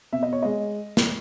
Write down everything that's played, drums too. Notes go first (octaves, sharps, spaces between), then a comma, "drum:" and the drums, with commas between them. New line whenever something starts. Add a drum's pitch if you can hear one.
B2 E5
D#5
C#5
G#3 D#5
drum: snare